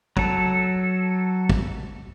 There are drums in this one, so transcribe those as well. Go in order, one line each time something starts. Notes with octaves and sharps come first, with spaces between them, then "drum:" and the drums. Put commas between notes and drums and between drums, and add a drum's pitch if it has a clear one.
F#3 A4, drum: kick
drum: kick